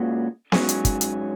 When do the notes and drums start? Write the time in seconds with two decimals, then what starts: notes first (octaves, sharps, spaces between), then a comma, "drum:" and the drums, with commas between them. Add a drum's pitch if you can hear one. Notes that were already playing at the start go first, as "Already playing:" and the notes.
Already playing: A#2 G#3 C#4 F#4 B4
0.52 G#2 F#3 C#4 G#4, drum: snare B3
0.69 drum: hi-hat
0.85 drum: kick, hi-hat
1.01 drum: hi-hat